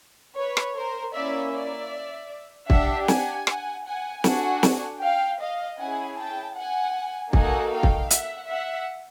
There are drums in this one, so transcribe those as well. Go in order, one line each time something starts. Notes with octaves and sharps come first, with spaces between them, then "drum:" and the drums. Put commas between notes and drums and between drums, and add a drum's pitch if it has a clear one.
B4 C#5
drum: rim click
A#4 C5
A#3 C#4 E4 D5 E5
D5 E5
D4 G4 E5 F#5, drum: kick
F#5 G#5, drum: snare
F#5 G#5, drum: rim click
F#5 G#5
D4 F#4 A4 F#5 G#5, drum: snare
drum: snare
F5 G5
D#5 F5
C#4 E4 G#4 F#5 G#5
G5 A5
F#5 G#5
A#3 D#4 F#4 A4 F#5 G#5, drum: kick
F5 G5
drum: kick
E5 F#5, drum: hi-hat
E5 F#5